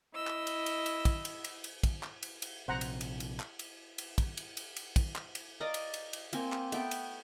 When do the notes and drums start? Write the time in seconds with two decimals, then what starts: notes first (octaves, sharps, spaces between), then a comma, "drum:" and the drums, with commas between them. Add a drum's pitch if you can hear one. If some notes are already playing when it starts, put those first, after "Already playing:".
0.15 E4 D#5 E6
0.27 drum: clap
0.47 drum: cymbal
0.66 drum: cymbal
0.86 drum: cymbal
1.05 drum: kick, cymbal
1.25 drum: cymbal
1.44 drum: cymbal
1.64 drum: cymbal
1.83 drum: kick, cymbal
2.03 drum: clap
2.23 drum: cymbal
2.42 drum: cymbal
2.68 A#1 C3 C5 F#5 A#5
2.81 drum: cymbal
3.01 drum: cymbal
3.20 drum: cymbal
3.40 drum: clap
3.59 drum: cymbal
3.98 drum: cymbal
4.18 drum: kick, cymbal
4.37 drum: cymbal
4.57 drum: cymbal
4.76 drum: cymbal
4.96 drum: kick, cymbal
5.15 drum: clap
5.35 drum: cymbal
5.60 D5 D#5 F5 A#5
5.74 drum: cymbal
5.94 drum: cymbal
6.13 drum: cymbal
6.33 A#3 C4 G#5, drum: cymbal
6.52 drum: clap
6.72 A3 B3 G5, drum: cymbal
6.91 drum: cymbal